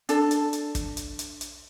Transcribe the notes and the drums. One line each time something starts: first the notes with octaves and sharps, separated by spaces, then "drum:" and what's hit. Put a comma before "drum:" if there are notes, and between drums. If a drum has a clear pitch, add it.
D4 A4, drum: hi-hat
drum: hi-hat
drum: hi-hat
drum: kick, hi-hat
drum: hi-hat
drum: hi-hat
drum: hi-hat